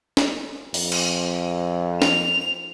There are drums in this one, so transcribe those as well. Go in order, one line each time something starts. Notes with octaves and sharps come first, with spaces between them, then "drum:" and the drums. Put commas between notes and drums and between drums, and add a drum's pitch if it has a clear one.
drum: snare
F2, drum: open hi-hat
drum: cymbal
F7, drum: snare